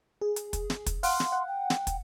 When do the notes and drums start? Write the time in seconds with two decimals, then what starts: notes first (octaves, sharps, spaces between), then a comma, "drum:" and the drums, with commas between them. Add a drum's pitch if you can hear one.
0.21 G#4
0.36 drum: hi-hat
0.53 drum: kick, hi-hat
0.70 drum: snare
0.86 drum: kick, hi-hat
1.03 F5 F#5 C6, drum: open hi-hat
1.20 drum: snare
1.32 F#5
1.48 G5
1.70 drum: snare
1.87 drum: kick, hi-hat